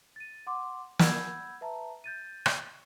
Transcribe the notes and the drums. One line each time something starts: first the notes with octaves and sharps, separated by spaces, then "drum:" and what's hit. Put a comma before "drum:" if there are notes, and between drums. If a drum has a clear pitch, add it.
A6 D#7
F#5 C6 D6
F#5 B5 E6 G6 G#6, drum: snare
B4 E5 A5 A#5
G6 A6 D#7
drum: rim click